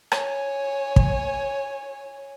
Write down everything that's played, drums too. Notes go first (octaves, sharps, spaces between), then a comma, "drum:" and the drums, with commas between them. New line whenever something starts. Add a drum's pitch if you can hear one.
C#5 G#5, drum: rim click
drum: kick